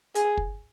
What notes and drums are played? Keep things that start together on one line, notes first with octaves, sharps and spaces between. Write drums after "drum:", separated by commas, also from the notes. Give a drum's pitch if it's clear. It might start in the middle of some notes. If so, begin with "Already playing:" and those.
G#4, drum: hi-hat
drum: kick